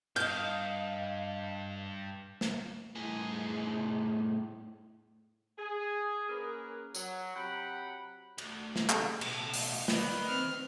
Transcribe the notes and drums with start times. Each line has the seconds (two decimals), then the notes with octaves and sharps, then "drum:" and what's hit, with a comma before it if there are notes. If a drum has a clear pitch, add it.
0.16 G2 D#5 F5 G6, drum: cymbal
2.41 drum: snare
2.96 A2 G#4
5.58 G#4
6.29 A#3 C#4 G#4 A#4 B4
6.95 F#3, drum: tambourine
7.35 C3 F#3 F#5 G5 B5
8.38 D2, drum: cymbal
8.76 drum: snare
8.90 C#3 A4, drum: clap
9.21 B1 A2, drum: cymbal
9.54 drum: open hi-hat
9.88 D#3 B4 D5, drum: snare
10.28 C4 F6